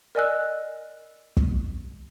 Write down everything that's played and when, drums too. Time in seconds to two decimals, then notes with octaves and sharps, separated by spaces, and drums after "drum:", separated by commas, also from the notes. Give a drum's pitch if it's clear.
0.15 A#4 D5 D#5 G#5 E6 F#6
1.37 drum: kick